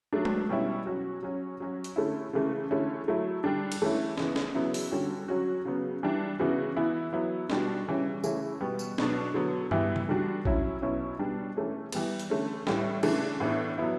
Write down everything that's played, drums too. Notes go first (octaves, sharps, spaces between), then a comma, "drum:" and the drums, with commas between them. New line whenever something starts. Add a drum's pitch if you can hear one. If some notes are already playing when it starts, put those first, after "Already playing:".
F#3 A3 D4
drum: tom G#3
B2 G3 C#4 E4
F#3 C#4 F#4
F#3 C#4 F#4
F#3 C#4 F#4
drum: hi-hat
D3 A3 C#4 E4
C#3 E3 A3
D3 A3 C#4 E4
F#3 A3 E4
D3 G3 D4
drum: cymbal
E3 A3 C#4 E4
C#3 E3 B3, drum: snare
drum: snare
C#3 F#3 B3 E4
drum: open hi-hat
D3 G3 C#4 F#4
F#3 C#4 F#4
C#3 F#3 B3
E3 G3 D4
C#3 E3 B3 F#4
E3 B3 E4
F#3 B3 E4
B2 G3 D4 F#4, drum: snare
C#3 E3 G3 C#4
C#3 E3 A3 C#4 E4, drum: tambourine
B2 G3 B3
drum: tambourine
B2 F#3 B3 D4, drum: snare
D3 F#3 B3
E3 G3 B3 E4, drum: tom G2
drum: tom C#3
D3 G3 D4 F#4
F#3 C#4 E4, drum: kick A1
B2 F#3 C#4 E4
B2 G3 D4
E3 A3 C#4
E3 G3 B3, drum: cymbal
drum: hi-hat
D3 A3 C#4
A2 E3 G3, drum: snare
C#3 E3 A3 D4, drum: cymbal
A2 E3 B3 D4
F#3 B3 E4